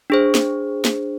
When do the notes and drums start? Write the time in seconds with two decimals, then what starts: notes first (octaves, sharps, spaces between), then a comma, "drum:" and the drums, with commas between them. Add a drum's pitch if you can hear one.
0.10 D4 G#4 C5
0.35 drum: snare
0.85 drum: snare